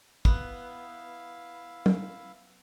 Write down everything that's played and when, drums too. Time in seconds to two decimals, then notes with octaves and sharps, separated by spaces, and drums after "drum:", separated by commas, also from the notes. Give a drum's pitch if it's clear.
0.25 B3 E4 F5 E6, drum: kick
1.86 drum: tom